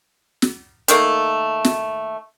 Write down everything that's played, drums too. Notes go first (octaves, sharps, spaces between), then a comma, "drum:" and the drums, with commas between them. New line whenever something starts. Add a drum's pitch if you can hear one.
drum: snare
D#3 A3 A#3, drum: hi-hat
drum: snare